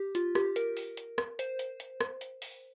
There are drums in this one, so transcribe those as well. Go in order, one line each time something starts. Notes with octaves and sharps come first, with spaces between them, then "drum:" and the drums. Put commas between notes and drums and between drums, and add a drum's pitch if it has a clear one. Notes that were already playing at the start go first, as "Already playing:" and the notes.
Already playing: G4
F4, drum: hi-hat
G4, drum: rim click
A#4, drum: hi-hat
drum: open hi-hat
drum: hi-hat
drum: rim click
C5, drum: hi-hat
drum: hi-hat
drum: hi-hat
drum: rim click
drum: hi-hat
drum: open hi-hat